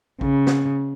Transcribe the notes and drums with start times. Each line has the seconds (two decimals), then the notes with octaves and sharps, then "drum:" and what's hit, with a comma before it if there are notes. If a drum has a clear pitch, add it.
0.21 C#3, drum: kick A1
0.47 drum: snare